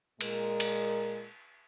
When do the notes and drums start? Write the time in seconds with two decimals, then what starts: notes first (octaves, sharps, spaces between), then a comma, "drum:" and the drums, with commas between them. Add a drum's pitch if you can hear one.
0.21 A#2 G#3 A#4, drum: cymbal
0.60 drum: cymbal